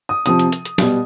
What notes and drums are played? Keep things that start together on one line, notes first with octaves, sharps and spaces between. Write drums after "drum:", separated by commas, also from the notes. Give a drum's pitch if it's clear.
D#6
C3 F3 D#6, drum: hi-hat
drum: hi-hat
drum: hi-hat
drum: hi-hat
B2 G3, drum: snare